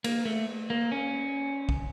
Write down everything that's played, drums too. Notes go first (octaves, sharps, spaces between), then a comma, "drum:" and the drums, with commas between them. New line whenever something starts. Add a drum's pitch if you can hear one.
A#3, drum: cymbal
A3
A#3
C#4
drum: kick